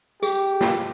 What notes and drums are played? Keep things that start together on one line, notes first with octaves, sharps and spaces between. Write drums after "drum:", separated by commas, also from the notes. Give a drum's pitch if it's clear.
G4 G#4, drum: tambourine
drum: snare